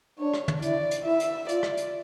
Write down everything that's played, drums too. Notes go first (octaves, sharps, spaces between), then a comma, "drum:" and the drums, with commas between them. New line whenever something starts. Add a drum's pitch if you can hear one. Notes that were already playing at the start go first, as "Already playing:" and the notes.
D4 C#5
drum: rim click
drum: tom
E4 D5, drum: hi-hat
drum: hi-hat
E4 E5
drum: hi-hat
F4 D5, drum: hi-hat
drum: rim click
drum: hi-hat